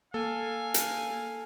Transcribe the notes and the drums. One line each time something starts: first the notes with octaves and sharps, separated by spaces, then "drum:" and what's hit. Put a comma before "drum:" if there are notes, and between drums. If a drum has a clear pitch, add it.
A#3 A4 F5 G#5
drum: hi-hat